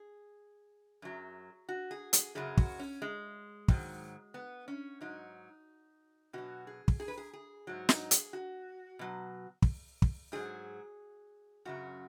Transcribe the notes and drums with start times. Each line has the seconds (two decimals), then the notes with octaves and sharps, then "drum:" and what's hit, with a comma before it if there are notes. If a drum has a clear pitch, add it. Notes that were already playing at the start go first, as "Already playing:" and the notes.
Already playing: G#4
1.02 F#2 F#3
1.69 F#4
1.91 G#4
2.13 G#4, drum: hi-hat
2.35 F#2 C#3 F#3 G#4
2.57 F#4, drum: kick
2.80 C#4
3.02 G#3
3.68 G#2 D#3 F#3, drum: kick
4.34 B3
4.68 C#4
5.01 G#2 F#3 D#4
6.33 B2 F#3 F#4
6.67 G#4
6.88 drum: kick
7.00 G#4
7.08 B4
7.18 G#4
7.33 G#4
7.67 G#2 F#3
7.89 D#4, drum: snare
8.11 G#4, drum: hi-hat
8.33 F#4
8.99 B2 F#3
9.62 drum: kick
10.02 drum: kick
10.32 G#2 F#3 G#4
11.65 F#2 C#3 F#3 F#4